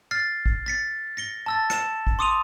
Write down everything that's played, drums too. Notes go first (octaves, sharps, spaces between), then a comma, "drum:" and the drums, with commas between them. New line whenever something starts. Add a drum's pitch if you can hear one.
F6 A6 C7
drum: kick G#1
A6 B6 C#7
A#6 C#7 G7
A5 E6 A6
C#7 E7, drum: rim click
drum: kick G#1
C6 D6 D#6 C#7 D#7 F7